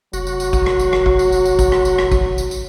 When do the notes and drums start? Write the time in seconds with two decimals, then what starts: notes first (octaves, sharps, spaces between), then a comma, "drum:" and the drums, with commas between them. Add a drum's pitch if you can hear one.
0.13 F1 F#3 F#4, drum: tambourine
0.27 drum: tambourine
0.40 drum: tambourine
0.53 drum: kick A1, tambourine
0.66 drum: rim click
0.79 drum: tambourine
0.93 drum: rim click
1.06 drum: kick A1
1.19 drum: tambourine
1.32 drum: tambourine
1.45 drum: tambourine
1.59 drum: kick A1, tambourine
1.72 drum: rim click
1.85 drum: tambourine
1.98 drum: rim click
2.12 drum: kick A1, tambourine
2.38 drum: tambourine
2.51 drum: tambourine